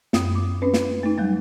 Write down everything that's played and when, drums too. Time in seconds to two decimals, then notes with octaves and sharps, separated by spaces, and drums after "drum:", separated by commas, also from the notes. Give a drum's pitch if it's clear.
0.13 F#2 C4 D#6, drum: snare
0.35 D6
0.62 C4 C#4 B4
0.73 drum: snare
1.03 A3 D#4
1.18 F#3 G3 A3